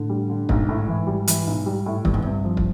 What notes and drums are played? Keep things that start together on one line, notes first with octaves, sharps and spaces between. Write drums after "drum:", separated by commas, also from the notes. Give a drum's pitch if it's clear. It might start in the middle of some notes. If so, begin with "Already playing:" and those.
Already playing: A2 D3
G3
D3
B1 G#2, drum: kick
A2
E3
G3
E3, drum: hi-hat
B1
G3
A2
E2 G2, drum: kick
G#2
G2 C3
F3
drum: kick